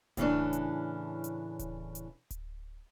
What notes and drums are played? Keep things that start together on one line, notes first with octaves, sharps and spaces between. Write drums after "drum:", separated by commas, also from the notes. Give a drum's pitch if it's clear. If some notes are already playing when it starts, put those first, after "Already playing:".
A2 C#3 E3 A#3 C#4 D4, drum: kick D1, hi-hat
drum: hi-hat
drum: hi-hat
drum: kick D1, hi-hat
drum: hi-hat
drum: kick D1, hi-hat